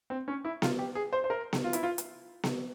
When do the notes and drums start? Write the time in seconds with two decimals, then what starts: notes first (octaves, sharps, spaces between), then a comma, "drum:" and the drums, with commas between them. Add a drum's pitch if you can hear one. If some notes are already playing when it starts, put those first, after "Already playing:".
0.10 C4
0.28 C#4
0.45 E4
0.62 F4, drum: snare B3
0.79 G4
0.95 G#4
1.13 C5
1.24 C5
1.30 A#4
1.53 drum: snare B3
1.64 F4
1.73 E4, drum: hi-hat
1.83 F4
1.98 drum: hi-hat
2.43 drum: snare B3